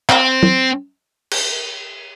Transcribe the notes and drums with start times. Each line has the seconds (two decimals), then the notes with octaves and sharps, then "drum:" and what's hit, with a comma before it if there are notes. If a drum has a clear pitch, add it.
0.10 C4, drum: clap
0.43 drum: tom
1.31 drum: cymbal